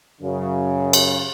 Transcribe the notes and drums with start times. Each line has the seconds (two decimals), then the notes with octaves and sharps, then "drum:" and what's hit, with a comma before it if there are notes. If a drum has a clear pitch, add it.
0.21 F#2 C#3
0.93 drum: cymbal